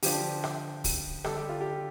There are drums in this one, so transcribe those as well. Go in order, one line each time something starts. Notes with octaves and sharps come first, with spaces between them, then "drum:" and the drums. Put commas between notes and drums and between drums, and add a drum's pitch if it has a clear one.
D3 F3 D4 G4, drum: open hi-hat
drum: rim click
drum: kick, open hi-hat
D3 G3 D4 A4, drum: rim click
G4
F4
G4